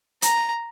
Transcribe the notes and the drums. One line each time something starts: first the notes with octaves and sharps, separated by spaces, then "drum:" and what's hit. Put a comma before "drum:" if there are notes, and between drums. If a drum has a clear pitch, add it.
A#5, drum: hi-hat